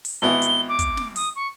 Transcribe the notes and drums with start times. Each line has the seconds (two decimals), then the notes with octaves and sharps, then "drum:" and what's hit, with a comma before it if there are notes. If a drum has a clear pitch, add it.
0.05 drum: open hi-hat
0.22 G#1 B3 E4 G7
0.42 drum: hi-hat
0.69 D6
0.79 drum: kick, hi-hat
0.97 drum: snare
1.16 D#6, drum: open hi-hat
1.36 C#6